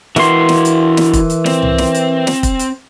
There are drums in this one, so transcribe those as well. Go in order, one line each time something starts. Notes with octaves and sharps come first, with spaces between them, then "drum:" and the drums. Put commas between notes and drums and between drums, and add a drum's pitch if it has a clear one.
E3 E4 F#4 A#4 C6, drum: snare
drum: snare
drum: hi-hat
drum: snare
drum: kick, hi-hat
drum: hi-hat
C4, drum: snare
drum: tom C2
drum: snare
drum: hi-hat
drum: snare
drum: kick, hi-hat
drum: hi-hat